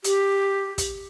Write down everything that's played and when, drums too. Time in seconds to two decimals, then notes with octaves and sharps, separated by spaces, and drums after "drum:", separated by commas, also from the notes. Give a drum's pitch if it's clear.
0.04 G4, drum: hi-hat
0.78 drum: kick, hi-hat